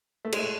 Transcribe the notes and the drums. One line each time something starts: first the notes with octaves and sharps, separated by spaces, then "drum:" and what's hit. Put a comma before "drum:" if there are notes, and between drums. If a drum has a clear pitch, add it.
A3
G#3, drum: cymbal
A3